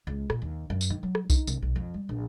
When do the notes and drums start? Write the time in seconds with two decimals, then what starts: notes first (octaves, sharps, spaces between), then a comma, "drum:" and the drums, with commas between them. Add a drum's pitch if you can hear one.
0.07 C#2
0.30 A#2, drum: rim click
0.42 D#2
0.70 F#2
0.81 drum: tambourine
0.90 D#3
1.03 F#3
1.15 drum: rim click
1.30 D#4, drum: kick B1, tambourine
1.47 C2, drum: tambourine
1.62 B1
1.76 F2
1.94 G3
2.09 A#1